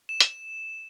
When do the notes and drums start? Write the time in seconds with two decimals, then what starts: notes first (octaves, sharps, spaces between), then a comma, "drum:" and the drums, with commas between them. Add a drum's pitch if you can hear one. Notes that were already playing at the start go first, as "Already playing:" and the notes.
0.09 E7
0.20 drum: hi-hat